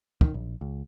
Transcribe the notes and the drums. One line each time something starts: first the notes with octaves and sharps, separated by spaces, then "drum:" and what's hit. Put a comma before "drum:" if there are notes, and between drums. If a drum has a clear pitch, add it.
D#3, drum: kick
A#1
C#2